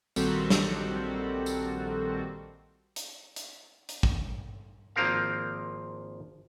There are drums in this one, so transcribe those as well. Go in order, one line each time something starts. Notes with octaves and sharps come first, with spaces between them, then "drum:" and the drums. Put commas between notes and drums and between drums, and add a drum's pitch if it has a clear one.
A#1 D#3 G3 C4 F#4 A4, drum: tambourine
drum: snare
drum: tambourine
drum: hi-hat
drum: hi-hat
drum: hi-hat
drum: kick A1
G#1 F3 A#3 C4 A#4 F5